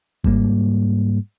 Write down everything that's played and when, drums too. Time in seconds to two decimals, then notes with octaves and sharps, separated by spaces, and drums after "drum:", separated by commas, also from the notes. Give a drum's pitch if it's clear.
0.24 G#2 G3 A#3, drum: kick G#1